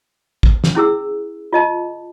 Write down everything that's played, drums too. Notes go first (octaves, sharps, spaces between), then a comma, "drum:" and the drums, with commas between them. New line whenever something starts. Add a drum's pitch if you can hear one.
drum: kick
drum: snare
C#4 E4 G#4 E6
F4 D#5 A5